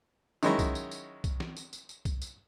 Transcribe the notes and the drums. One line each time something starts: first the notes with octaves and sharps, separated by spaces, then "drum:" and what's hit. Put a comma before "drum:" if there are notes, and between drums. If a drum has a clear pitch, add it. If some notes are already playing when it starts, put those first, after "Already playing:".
D#3 F#3 G#3 C#4 E4, drum: tambourine
drum: kick C2, tambourine
drum: tambourine
drum: tambourine
drum: kick C2, tambourine
drum: snare
drum: tambourine
drum: tambourine
drum: tambourine
drum: kick C2, tambourine
drum: tambourine